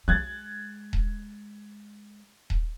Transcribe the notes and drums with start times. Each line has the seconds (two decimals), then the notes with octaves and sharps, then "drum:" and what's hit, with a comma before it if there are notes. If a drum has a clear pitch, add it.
0.08 G#3 F#6 G#6 A6
0.93 drum: kick D#1
2.50 drum: kick D#1